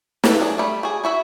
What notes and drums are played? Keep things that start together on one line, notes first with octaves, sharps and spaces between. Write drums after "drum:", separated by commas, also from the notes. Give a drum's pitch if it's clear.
C4 F4 A4, drum: snare
F#3 D4 G#4
G3 A3
F#4 G#4
E4 F#4 E5 F#5